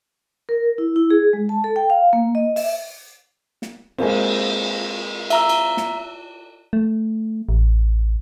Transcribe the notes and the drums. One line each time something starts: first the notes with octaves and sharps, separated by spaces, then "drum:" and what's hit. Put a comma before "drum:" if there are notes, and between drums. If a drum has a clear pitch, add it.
A#4
E4
E4
G#4
G#3
A5
A4
G5
F5
A#3
D#5
E5, drum: open hi-hat
drum: snare
G#3 A#3 C4, drum: cymbal
E5 A#5 E6, drum: cymbal
drum: cymbal
drum: snare
A3
A1